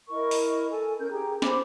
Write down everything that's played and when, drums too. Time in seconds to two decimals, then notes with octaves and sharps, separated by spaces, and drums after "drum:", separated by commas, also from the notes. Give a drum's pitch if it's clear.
0.09 E4 A#4 D#5 C#6
0.31 drum: open hi-hat
0.71 A4 G#5
1.00 C#4 A#4 G6
1.11 G4 G#4 G5 A#5
1.42 C5 B5 D6, drum: snare